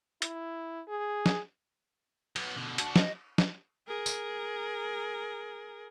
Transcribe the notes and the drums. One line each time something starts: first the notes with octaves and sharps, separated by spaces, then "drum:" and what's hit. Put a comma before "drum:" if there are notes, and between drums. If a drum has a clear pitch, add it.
E4, drum: hi-hat
G#4
drum: snare
F#3 B3, drum: cymbal
B2 D3
D4 F#4 A5, drum: hi-hat
D#5, drum: snare
drum: snare
G#4 A#4
drum: tambourine